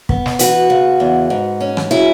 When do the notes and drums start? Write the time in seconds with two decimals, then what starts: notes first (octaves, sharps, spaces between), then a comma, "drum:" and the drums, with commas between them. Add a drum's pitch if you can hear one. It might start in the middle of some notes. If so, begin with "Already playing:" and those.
0.09 B3, drum: kick
0.26 drum: snare
0.39 E3 F#4 B4, drum: hi-hat
0.70 C#3
1.00 E2
1.30 G#2
1.61 C#4
1.77 drum: rim click
1.91 F#3 E4 G#4